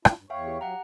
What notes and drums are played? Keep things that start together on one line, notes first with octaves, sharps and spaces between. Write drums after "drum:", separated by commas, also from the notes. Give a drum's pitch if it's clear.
D4 E4 F4, drum: rim click
G2
E2 C#5 E5 F5 G5
G4
F#3 F#5 A#5